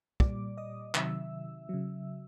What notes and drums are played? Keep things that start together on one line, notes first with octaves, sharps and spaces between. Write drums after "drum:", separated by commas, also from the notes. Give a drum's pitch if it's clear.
A#2 G3 D5 D6, drum: kick
D#5 D#6
C3 D#3 F#3 E5 E6, drum: clap
C#3 F#3